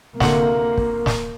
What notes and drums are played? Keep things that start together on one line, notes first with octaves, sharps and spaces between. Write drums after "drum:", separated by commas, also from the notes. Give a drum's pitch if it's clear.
D2 C3 A#3 F#5, drum: snare
drum: kick
drum: snare